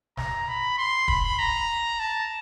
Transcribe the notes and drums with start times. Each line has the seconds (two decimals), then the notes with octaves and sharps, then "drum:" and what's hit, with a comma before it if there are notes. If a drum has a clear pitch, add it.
0.17 A#5, drum: snare
0.48 B5
0.78 C6
1.08 B5, drum: kick
1.39 A#5
2.00 A5